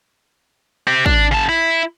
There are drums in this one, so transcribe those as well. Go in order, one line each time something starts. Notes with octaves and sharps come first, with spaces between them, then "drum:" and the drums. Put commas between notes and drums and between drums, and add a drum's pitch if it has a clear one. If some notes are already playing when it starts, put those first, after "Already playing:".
C4 G4
D4, drum: kick
C#3 A5
E4